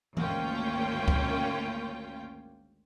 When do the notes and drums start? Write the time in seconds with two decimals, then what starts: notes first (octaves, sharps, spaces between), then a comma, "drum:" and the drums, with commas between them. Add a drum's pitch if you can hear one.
0.17 G#1 D2 A#3 C#4 F4 G5, drum: tom E3
1.08 drum: kick C#2